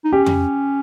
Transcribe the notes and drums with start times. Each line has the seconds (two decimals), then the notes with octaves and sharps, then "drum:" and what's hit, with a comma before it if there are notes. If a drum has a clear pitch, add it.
0.04 D#4
0.13 C#4 G4
0.26 drum: tom F2